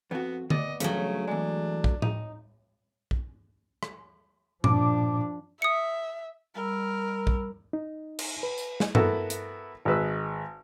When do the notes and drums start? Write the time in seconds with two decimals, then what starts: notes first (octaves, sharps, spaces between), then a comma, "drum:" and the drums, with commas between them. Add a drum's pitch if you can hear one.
0.11 F2 B3 F#4
0.50 B3 D5 D#5, drum: tom D3
0.80 G2 C#3 F3 F#3 A3 B3, drum: hi-hat
1.28 E2 G#3 D4
1.84 drum: kick A#1
2.02 D#4, drum: tom A2
3.11 drum: kick A#1
3.83 drum: rim click
4.64 A#2 F3 D4 D6, drum: tom G2
5.62 E5 D#6 C#7
6.55 G3 A#4 B5 E6
7.27 drum: kick A#1
7.73 D#4
8.19 drum: cymbal
8.43 B4
8.58 drum: tambourine
8.80 drum: snare
8.95 B3 E4 F#4 A4 A#4, drum: tom G2
9.30 drum: hi-hat
9.85 G#1 G#3 B4 E6